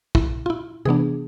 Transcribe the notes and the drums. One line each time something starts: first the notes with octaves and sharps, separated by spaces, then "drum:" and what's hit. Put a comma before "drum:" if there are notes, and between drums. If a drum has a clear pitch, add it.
E4, drum: kick
F4
E4
C3 E3 B3 D4 G#4